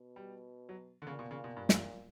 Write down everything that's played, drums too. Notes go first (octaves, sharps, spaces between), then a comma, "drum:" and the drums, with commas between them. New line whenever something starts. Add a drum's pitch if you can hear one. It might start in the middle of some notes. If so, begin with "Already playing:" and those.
Already playing: B2
G3
F#3
D3
A#2 C#3
B2
C#3
B2
G2
G2, drum: snare